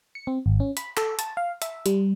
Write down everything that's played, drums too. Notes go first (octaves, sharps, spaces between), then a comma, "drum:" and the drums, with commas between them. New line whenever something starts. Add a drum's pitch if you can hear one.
C#7
C4
G#1
C#4
B5, drum: hi-hat
A4, drum: clap
A5, drum: hi-hat
F5
E5, drum: hi-hat
G3, drum: hi-hat